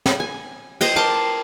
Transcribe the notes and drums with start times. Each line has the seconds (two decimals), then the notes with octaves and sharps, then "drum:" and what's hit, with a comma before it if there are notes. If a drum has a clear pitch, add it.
0.06 drum: snare
0.20 G#5
0.81 C5 D#5 G5, drum: cymbal
0.96 A#4 A5 C6 D6